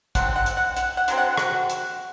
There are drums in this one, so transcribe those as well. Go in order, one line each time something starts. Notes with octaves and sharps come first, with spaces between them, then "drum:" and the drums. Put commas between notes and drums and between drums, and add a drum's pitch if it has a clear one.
D3 F#3 C4 F#5, drum: kick, hi-hat
F#5
drum: hi-hat
F#5
F#5, drum: hi-hat
F#5
D3 F#3 C4, drum: hi-hat
F#5
F#4 F#5, drum: rim click
drum: hi-hat